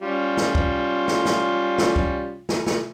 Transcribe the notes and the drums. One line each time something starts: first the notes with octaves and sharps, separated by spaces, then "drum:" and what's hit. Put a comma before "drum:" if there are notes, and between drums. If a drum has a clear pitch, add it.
G3 C#4 F4
drum: snare
drum: kick
drum: snare
drum: snare
drum: snare
drum: kick
drum: snare
drum: snare